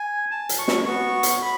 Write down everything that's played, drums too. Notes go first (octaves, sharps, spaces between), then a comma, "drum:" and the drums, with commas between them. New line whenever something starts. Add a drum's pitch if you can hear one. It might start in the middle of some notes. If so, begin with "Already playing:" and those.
Already playing: G#5
A5
drum: hi-hat
C#6
drum: snare
B3 F#4 C#6
drum: hi-hat
B5